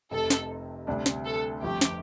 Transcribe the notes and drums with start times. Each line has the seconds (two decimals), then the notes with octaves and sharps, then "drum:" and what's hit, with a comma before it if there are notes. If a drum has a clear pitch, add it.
0.11 F1 F2 C3 A4
0.30 drum: snare
0.87 D2 C3 G3 D4
1.06 drum: snare
1.25 A4
1.62 G1 F2 F3 A3 G4
1.81 drum: snare